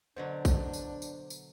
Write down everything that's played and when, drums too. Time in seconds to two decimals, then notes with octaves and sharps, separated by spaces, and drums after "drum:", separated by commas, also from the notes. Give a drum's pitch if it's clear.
0.16 B2 D3 F#3 D4 C5
0.45 drum: kick, tambourine
0.73 drum: tambourine
1.02 drum: tambourine
1.30 drum: tambourine